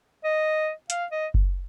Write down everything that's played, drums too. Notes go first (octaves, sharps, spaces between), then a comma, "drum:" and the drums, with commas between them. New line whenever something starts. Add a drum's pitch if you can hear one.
D#5
F5, drum: hi-hat
D#5
drum: kick F#1